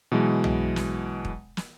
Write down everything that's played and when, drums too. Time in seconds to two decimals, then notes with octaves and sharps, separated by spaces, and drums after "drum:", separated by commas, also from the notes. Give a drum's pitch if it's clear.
0.12 B2 E3 F#3 G#3
0.44 drum: tom
0.76 drum: snare
1.25 drum: kick
1.57 drum: snare